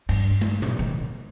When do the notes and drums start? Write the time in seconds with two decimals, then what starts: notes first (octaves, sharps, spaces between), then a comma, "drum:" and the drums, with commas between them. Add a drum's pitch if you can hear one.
0.09 G2, drum: cymbal
0.41 drum: tom
0.62 drum: tom A2
0.79 D#3